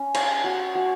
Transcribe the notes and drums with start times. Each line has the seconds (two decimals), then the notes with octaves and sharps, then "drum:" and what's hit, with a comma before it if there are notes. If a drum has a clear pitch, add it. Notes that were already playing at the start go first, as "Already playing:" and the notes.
Already playing: C#4
0.14 C#5, drum: cymbal
0.44 F#4
0.75 F#4